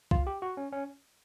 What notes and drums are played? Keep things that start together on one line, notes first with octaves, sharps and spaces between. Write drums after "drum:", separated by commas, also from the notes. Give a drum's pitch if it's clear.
F4, drum: kick C2
G4
F#4
C#4
C#4